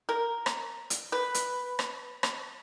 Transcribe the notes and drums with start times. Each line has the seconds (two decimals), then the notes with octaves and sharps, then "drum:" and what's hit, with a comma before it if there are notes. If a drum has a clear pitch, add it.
0.09 A#4
0.46 drum: rim click
0.90 drum: hi-hat
1.12 B4
1.34 drum: hi-hat
1.79 drum: rim click
2.23 drum: rim click